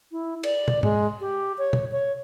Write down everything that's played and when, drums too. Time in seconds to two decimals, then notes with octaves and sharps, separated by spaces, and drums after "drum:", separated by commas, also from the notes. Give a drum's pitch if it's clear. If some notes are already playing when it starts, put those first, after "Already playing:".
0.12 E4
0.43 D5, drum: cymbal
0.68 drum: tom
0.83 G#3, drum: tom G#2
1.21 G4
1.58 C#5
1.73 drum: tom
1.92 C#5